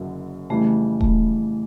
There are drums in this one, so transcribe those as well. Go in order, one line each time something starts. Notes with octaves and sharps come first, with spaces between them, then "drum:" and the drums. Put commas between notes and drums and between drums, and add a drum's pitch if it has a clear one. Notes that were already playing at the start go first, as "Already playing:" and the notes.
Already playing: F#1 F#2 D3 F#3
F2 C#3 E3 G3 A3
A3, drum: kick D#1